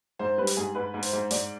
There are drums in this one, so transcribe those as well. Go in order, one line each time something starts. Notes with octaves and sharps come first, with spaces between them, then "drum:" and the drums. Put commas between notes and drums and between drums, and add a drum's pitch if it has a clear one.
G#2 C5
G3 B4
drum: hi-hat
G#2 G#4
G#2 B4
G#2
C5, drum: hi-hat
G#2
G#2 D5, drum: hi-hat